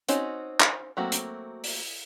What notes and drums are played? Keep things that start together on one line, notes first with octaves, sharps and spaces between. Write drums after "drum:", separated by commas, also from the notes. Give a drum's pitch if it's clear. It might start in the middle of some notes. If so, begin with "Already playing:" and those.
C4 C#4 D#4 F#4, drum: hi-hat
drum: clap
F#3 A3 A#3 C4 F#4
drum: hi-hat
drum: open hi-hat